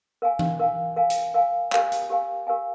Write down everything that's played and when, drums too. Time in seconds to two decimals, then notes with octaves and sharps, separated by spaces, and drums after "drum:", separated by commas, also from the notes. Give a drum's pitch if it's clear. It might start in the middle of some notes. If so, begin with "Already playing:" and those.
0.22 A#4 F5 G#5
0.39 drum: tom E3
0.59 A#4 F5 G#5
0.96 A#4 F5 G#5
1.10 drum: hi-hat
1.34 A#4 F5 G#5
1.72 G4 A#4 F5 G#5, drum: clap
1.92 drum: hi-hat
2.10 G4 A#4 F5 G#5
2.47 G4 A#4 F5 G#5